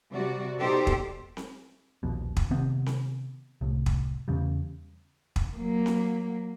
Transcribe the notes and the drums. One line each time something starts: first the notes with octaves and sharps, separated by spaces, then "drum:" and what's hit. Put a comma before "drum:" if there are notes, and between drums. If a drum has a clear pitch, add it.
C3 G3 F#4 D5
B2 D#4 G4 A4 C5 D5
drum: kick
drum: snare C4
D#1 A#1 B2
drum: kick
C3 D#3 B3 C4
drum: snare C4
C2 A2
drum: kick
E2 C#3 G3
drum: kick
F#3 A#3
drum: snare C4